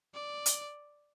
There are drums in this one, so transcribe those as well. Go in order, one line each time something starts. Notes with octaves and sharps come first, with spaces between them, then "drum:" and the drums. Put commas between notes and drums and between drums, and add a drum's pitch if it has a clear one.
D5
drum: hi-hat